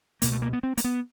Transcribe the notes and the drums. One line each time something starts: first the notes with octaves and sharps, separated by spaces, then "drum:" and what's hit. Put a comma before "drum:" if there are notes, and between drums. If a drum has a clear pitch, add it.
C#2 B2 A#3, drum: hi-hat
A3
A#3
B3
C4
A#3, drum: hi-hat
B3